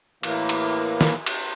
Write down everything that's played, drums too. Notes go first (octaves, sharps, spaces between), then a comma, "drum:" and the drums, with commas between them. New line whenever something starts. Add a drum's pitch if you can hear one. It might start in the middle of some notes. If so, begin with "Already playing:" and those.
A2 E3 A#3, drum: cymbal
drum: cymbal
drum: snare
drum: cymbal